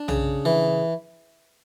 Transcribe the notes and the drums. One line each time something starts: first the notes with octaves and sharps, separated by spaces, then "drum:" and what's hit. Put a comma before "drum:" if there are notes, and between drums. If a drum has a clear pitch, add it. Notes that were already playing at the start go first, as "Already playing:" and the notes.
Already playing: D4
C#3, drum: tom B1
E3